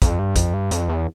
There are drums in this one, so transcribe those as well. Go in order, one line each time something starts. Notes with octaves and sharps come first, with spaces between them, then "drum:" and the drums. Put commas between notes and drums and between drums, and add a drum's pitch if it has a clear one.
F2, drum: kick, hi-hat
G2
F2, drum: kick, hi-hat
G2
F2, drum: hi-hat
E2